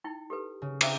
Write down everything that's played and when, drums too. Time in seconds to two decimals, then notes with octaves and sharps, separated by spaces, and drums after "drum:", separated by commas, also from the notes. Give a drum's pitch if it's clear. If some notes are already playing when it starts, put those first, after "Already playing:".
0.04 D#4 E4 G5
0.30 G4 A4 B4
0.62 C#3
0.81 C5 E5 F5, drum: cymbal